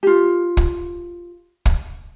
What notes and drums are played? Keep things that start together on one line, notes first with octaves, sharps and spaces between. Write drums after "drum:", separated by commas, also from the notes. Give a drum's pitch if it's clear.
F4 G4
drum: kick
drum: kick